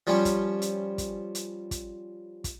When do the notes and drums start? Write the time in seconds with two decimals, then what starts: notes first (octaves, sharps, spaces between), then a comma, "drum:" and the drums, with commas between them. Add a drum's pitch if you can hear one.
0.07 F3 G3 C#4
0.25 drum: kick, hi-hat
0.62 drum: hi-hat
0.98 drum: kick, hi-hat
1.35 drum: hi-hat
1.71 drum: kick, hi-hat
2.44 drum: kick, hi-hat